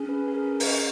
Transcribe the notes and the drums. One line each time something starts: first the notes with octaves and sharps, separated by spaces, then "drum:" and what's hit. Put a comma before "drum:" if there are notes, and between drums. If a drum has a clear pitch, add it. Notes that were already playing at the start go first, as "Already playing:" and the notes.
Already playing: C#4 G#4
B4
G#4
A#4
A#4, drum: open hi-hat